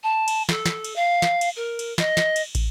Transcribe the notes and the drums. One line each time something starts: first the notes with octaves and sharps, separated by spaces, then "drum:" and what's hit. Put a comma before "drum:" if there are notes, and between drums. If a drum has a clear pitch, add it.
A5
drum: cymbal
A4, drum: snare
drum: snare
drum: cymbal
F5
drum: snare
drum: cymbal
A#4
drum: cymbal
D#5, drum: snare
drum: snare
drum: cymbal
drum: kick, cymbal